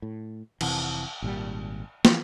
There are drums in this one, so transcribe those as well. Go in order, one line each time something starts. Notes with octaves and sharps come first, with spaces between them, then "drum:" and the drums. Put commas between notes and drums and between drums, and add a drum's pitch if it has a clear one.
A2
F1 C3 E3, drum: cymbal
G#1 A#2 G3
E3 F3 B3, drum: snare